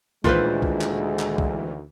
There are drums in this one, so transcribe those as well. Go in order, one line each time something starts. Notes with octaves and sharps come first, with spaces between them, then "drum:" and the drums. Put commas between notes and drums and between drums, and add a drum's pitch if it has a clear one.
D2 A#2 D#3 E3 G#3 F4 B4 C5, drum: kick
drum: kick
drum: clap
drum: clap
drum: kick